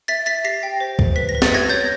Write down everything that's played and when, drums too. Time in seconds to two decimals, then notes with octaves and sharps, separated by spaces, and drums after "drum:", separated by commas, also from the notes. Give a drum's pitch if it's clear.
0.08 E5 A6 B6
0.26 E5 A6 B6
0.44 G4 A#6 C7
0.63 G5
0.80 C5
0.99 C5, drum: kick C2
1.16 B4 B6
1.29 A#6
1.35 B4
1.42 A6, drum: snare
1.52 B4 G#6 A#6
1.69 C#5 G6 A6